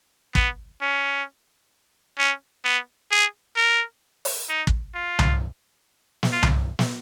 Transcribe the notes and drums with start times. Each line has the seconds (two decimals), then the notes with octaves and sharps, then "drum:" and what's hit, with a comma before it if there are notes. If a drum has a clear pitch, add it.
0.35 B3, drum: kick
0.81 C#4
2.18 C#4
2.64 B3
3.11 G#4
3.56 A#4
4.25 drum: open hi-hat
4.49 D#4
4.67 drum: kick
4.94 F4
5.19 drum: tom C2
6.23 drum: snare
6.32 F4
6.43 drum: tom C2
6.79 drum: snare